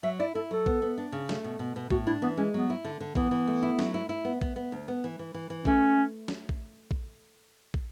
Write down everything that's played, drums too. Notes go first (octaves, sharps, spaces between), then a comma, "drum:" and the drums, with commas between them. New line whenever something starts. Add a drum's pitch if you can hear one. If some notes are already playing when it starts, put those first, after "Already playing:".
F#3 E5
E4 D5
E4 A4
F#3 A4
B3, drum: kick
B3
D4
C#3
A3, drum: snare
B2
B2
B2
A2 F#4, drum: kick
D4 E4
E3 B3
G#3 C#4
F#3 B3
E4
D3
D3
E3 B3, drum: kick
E3
A3
E4
F#3, drum: snare
E4
E4
B3
B3, drum: kick
B3
D2
B3
E3
E3
E3
E3
A3 C#4, drum: kick
drum: snare
drum: kick
drum: kick
drum: kick